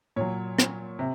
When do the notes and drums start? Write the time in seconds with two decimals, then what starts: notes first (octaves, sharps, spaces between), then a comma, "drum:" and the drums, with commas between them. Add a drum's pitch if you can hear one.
0.16 A#2 F#3 C#5
0.59 drum: rim click
0.99 C3